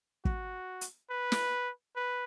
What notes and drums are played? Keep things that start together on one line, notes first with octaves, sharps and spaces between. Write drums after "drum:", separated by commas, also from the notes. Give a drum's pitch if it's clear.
F#4, drum: kick
drum: hi-hat
B4
drum: snare
B4